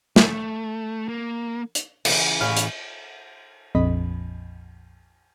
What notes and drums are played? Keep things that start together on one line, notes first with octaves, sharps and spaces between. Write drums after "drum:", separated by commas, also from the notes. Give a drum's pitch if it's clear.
A3, drum: snare
A#3
drum: hi-hat
C#3 E3, drum: cymbal
A1 A2 C#4 F5 B5
drum: hi-hat
A#1 F2 D#5 B5